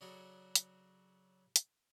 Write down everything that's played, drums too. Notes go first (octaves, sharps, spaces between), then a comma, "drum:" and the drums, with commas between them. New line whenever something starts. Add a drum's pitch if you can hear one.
C#3 F#3 D4 F#4 G#4 A4
drum: hi-hat
drum: hi-hat